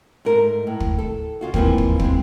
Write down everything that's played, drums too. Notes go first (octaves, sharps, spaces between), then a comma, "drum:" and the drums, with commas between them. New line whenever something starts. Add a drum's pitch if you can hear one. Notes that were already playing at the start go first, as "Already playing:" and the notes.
G#2 A3 A#4
A2
drum: kick
A4
C#3 F4 F#4
G#2 E3 F3 A#3 C4, drum: kick
drum: kick
G#3 C4, drum: kick